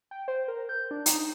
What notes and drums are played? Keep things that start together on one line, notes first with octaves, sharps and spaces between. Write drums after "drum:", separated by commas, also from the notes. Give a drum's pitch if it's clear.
G5
C5
A#4
G6
D4
D#4, drum: hi-hat